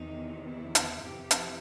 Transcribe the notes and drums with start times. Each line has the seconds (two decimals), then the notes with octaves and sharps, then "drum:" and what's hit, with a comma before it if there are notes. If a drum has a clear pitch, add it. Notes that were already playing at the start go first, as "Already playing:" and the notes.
Already playing: E2 C3 D#3 D#4
0.47 E4
0.75 drum: hi-hat
1.04 F2 C3 E3 G4
1.31 drum: hi-hat